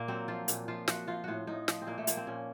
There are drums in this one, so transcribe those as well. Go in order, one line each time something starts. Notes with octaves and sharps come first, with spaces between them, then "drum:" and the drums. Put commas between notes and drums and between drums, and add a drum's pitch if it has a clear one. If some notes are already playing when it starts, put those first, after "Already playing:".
Already playing: A#2 A#3
F#3 C4
F3 F4
A#2, drum: hi-hat
F3 F4
F3 F#4, drum: snare
F3 F4
A2 F4 F#4
A2 D#4
F3, drum: snare
C4
A#2 A#3
A3
F3 A#3, drum: hi-hat
C4
A#2 C#4